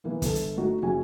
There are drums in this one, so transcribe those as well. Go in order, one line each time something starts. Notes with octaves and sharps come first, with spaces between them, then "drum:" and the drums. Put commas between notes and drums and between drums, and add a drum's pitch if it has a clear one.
E3 A#3 B3
G1 A4, drum: kick, hi-hat
drum: hi-hat
A3 D#4 F#4
F#1 F#4 G#5